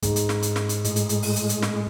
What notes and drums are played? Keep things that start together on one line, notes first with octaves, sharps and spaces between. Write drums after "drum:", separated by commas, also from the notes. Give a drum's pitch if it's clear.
G#2, drum: kick, hi-hat
drum: hi-hat
drum: snare
drum: hi-hat
drum: snare
drum: hi-hat
A2 G#3, drum: hi-hat
drum: hi-hat
drum: hi-hat
drum: open hi-hat
drum: hi-hat
drum: hi-hat
drum: snare